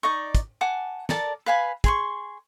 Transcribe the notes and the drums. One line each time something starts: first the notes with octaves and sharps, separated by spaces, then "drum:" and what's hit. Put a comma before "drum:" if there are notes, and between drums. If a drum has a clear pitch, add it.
D#4 D5 D#5 C#6
drum: kick, hi-hat
F#5 G#5 A5 D6
A4 A#4 D5 A5, drum: snare
B4 F5 G#5 B5
G#4 C6 C#6, drum: kick, hi-hat